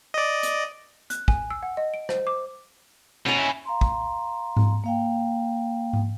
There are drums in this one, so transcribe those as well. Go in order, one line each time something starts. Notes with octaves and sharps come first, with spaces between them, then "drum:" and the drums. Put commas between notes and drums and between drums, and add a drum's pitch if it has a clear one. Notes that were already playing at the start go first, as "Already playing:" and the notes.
D5 D#5
drum: hi-hat
F#6, drum: hi-hat
G#5, drum: kick
E6
F#5
D#5
D7
C5, drum: rim click
D6
B2 C#4 A#5
D#2 E4
F5 A#5 C6
drum: kick
drum: tom G#2
A#3 F5 G5
drum: tom G#2